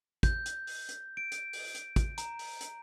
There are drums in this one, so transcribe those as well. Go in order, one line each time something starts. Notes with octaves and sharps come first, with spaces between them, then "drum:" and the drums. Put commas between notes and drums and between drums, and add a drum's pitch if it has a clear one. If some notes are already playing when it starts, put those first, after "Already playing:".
G6, drum: kick, hi-hat
drum: hi-hat
drum: open hi-hat
drum: hi-hat
D7
drum: hi-hat
drum: open hi-hat
drum: hi-hat
drum: kick, hi-hat
A#5, drum: hi-hat
drum: open hi-hat
drum: hi-hat